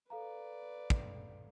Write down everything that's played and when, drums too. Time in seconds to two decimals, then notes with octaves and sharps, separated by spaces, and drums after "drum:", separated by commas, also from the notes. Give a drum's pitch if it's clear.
0.10 A4 B4 D5 F5 A#5
0.90 drum: kick